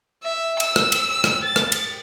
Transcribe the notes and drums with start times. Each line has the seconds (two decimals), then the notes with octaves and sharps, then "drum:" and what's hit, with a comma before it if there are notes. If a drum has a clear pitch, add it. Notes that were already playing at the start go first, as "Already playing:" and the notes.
0.23 E5
0.60 E6, drum: cymbal
0.76 drum: rim click
0.92 drum: cymbal
1.24 drum: rim click
1.44 A6
1.56 drum: rim click
1.72 drum: cymbal